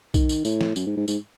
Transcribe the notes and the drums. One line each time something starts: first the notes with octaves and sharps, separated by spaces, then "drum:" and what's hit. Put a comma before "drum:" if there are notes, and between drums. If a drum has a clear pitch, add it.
D#3, drum: kick, tambourine
drum: tambourine
A2, drum: tambourine
drum: snare
F#2, drum: tambourine
G#2
G#2
G#2, drum: tambourine